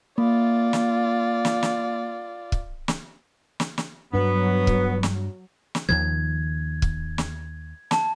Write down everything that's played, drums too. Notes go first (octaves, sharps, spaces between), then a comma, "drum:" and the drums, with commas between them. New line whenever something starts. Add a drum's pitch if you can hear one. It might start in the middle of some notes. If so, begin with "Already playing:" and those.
A#3 F4 D5
drum: snare
drum: snare
drum: snare
drum: kick
drum: snare
drum: snare
drum: snare
G2 F#3 B3 D4
drum: kick
drum: snare
drum: snare
D#2 D#3 F3 G#6
drum: kick
drum: snare
A5, drum: snare